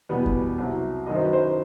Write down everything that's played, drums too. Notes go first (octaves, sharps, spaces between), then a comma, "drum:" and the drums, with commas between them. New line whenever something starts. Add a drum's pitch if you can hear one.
E2 B2 G3 B3 B4
drum: kick F2
C2 C3 F#3
F#2 D#3 F#3 D#5
C5
B4
C5